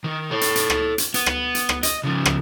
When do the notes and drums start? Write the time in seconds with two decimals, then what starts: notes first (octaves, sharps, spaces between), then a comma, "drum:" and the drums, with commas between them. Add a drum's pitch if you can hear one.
0.04 D#3
0.31 A4 C#5
0.41 drum: hi-hat
0.56 drum: hi-hat
0.70 drum: rim click
0.98 drum: hi-hat
1.14 B3, drum: hi-hat
1.26 drum: rim click
1.55 drum: hi-hat
1.69 drum: rim click
1.83 D#5, drum: hi-hat
2.03 C#3 F3
2.25 drum: rim click